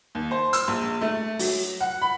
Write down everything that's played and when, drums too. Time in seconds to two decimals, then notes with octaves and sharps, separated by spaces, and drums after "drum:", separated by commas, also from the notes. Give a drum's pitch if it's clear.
0.15 D#2
0.31 C5
0.53 E6, drum: hi-hat
0.68 A#1
1.01 A3
1.39 F#3, drum: open hi-hat
1.81 F#5
2.02 B5